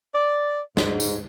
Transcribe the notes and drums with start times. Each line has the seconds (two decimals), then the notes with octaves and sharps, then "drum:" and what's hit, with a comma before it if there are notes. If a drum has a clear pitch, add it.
0.15 D5
0.77 G#2, drum: snare
1.00 drum: tambourine